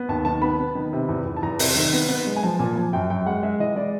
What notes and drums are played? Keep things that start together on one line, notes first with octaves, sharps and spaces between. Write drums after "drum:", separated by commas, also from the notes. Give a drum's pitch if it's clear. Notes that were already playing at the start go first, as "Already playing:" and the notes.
Already playing: B3
D#2 A5
D#3 A5
B3 B5
B3
D#3
C3
E2
E2
A5
E2 A#5
C3, drum: open hi-hat
D#3
B3
B3
G#3
G#5
F3 A5
A#2 G#5
F3 G#5
F#2 G5
F#2 G5
G#3 F#5
G#3 E5
E3 D#5
G#3 D5